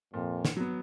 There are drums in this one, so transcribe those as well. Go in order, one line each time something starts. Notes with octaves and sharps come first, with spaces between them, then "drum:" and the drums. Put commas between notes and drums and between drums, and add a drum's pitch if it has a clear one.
F2 A#2
drum: snare
F#3 B3